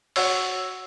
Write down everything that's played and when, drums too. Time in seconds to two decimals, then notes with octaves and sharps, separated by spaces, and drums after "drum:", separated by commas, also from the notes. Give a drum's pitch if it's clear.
0.16 F#4 C#5 E6, drum: open hi-hat